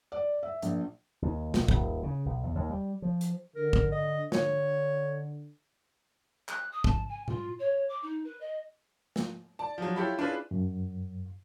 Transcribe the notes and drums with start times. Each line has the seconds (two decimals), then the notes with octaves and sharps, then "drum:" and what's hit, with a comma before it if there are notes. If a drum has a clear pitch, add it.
0.12 D5
0.43 E5
0.62 A#1, drum: hi-hat
1.22 D#2
1.54 B1, drum: snare
1.68 D#1, drum: kick
2.03 C#3
2.26 B1
2.43 E2
2.55 D#2
2.69 G3
3.02 F3
3.21 drum: hi-hat
3.56 D3 A#4
3.73 drum: kick
3.92 D#5
4.32 D3 C#5, drum: snare
6.48 F#6, drum: clap
6.72 D#6
6.84 A5, drum: kick
7.09 G#5
7.28 F4, drum: tom A#2
7.59 C#5
7.89 D6
8.03 D#4
8.24 B4
8.40 D#5
9.16 drum: snare
9.59 D5 A5
9.78 F3 F#3
9.96 E4 F4 G4 A4 C#5 B5
10.18 C#4 D4 E4 F4 G#4 B4
10.51 F#2